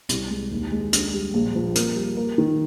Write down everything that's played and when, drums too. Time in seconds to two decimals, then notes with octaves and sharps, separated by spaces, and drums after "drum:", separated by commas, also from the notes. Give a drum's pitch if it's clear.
0.09 C2, drum: hi-hat
0.30 G#3
0.51 D#2
0.71 G#3
0.93 D4, drum: hi-hat
1.14 G3
1.34 A#1
1.55 F3
1.75 A#3, drum: hi-hat
1.96 G3
2.17 A#3
2.38 D#3